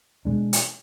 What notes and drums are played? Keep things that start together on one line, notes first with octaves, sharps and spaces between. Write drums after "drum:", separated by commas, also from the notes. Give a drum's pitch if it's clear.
B2 G#3 D4
drum: hi-hat